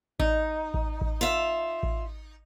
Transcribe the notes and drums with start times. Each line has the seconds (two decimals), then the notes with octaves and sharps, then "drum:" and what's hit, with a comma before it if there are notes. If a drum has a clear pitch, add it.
0.19 D#4, drum: kick A1
0.74 drum: kick A1
1.01 drum: kick A1
1.21 F4 E5
1.83 drum: kick A1